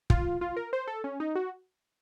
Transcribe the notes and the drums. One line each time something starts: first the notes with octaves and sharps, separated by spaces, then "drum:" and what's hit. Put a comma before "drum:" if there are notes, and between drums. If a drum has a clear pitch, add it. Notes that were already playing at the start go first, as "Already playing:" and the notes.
F4, drum: kick
F4
A#4
C5
A4
C#4
D#4
F#4